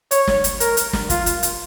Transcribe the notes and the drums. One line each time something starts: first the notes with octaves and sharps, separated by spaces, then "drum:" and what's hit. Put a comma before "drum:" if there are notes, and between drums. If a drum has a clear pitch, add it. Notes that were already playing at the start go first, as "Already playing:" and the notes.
C#5, drum: hi-hat
drum: snare
drum: hi-hat
A#4, drum: hi-hat
drum: hi-hat
drum: snare
F4, drum: kick, hi-hat
drum: hi-hat
drum: hi-hat